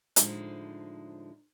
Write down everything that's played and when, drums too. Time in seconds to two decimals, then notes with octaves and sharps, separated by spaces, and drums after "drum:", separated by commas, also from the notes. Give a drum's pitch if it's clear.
0.16 A2 D3 F3 G#3 D#4 C5, drum: hi-hat